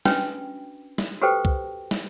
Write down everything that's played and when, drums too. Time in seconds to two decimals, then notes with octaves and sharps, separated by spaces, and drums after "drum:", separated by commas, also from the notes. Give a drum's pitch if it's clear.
0.05 C#4 D4 F#4 B4 G5, drum: snare
0.98 drum: snare
1.22 F#4 G4 A4 B4 C5 G5
1.45 drum: kick C2
1.91 drum: snare